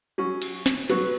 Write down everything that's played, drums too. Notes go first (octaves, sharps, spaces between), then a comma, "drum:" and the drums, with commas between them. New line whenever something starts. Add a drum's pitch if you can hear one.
F#3 C#4 F#4
drum: cymbal
drum: snare
F#3 B3 F#4 B4, drum: cymbal